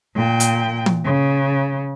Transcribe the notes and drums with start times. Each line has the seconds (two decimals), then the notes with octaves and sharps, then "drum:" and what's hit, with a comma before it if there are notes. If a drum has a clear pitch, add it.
0.15 A#2 G5
0.40 drum: hi-hat
0.86 drum: tom
1.04 C#3